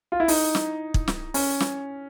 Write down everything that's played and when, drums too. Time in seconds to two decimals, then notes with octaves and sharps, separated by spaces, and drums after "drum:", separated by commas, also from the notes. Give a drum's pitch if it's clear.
0.12 F4
0.20 E4
0.28 D#4, drum: open hi-hat
0.55 drum: snare
0.94 drum: kick
1.08 drum: snare
1.34 C#4, drum: open hi-hat
1.60 drum: snare